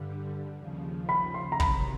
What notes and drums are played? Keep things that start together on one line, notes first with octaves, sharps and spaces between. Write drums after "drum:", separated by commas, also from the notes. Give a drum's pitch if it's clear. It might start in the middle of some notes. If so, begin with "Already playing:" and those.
Already playing: G2 D3 G3
D#2 C#3 F3
B5
C6
A#5
C3 D#3 F#3 B5, drum: kick